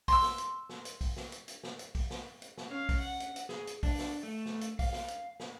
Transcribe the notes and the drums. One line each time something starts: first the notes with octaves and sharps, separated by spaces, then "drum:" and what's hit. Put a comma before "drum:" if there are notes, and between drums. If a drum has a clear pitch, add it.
C6 E6, drum: kick, open hi-hat
drum: snare
drum: hi-hat
drum: snare
drum: hi-hat
drum: kick, open hi-hat
drum: snare
drum: hi-hat
drum: hi-hat
drum: snare
drum: hi-hat
drum: kick, open hi-hat
drum: snare
drum: hi-hat
drum: snare
C#4 F5
drum: kick, open hi-hat
F#5
drum: hi-hat
drum: hi-hat
G#4, drum: snare
drum: hi-hat
D4, drum: kick, open hi-hat
drum: snare
A3
drum: snare
drum: hi-hat
F5, drum: kick, open hi-hat
drum: snare
drum: hi-hat
drum: snare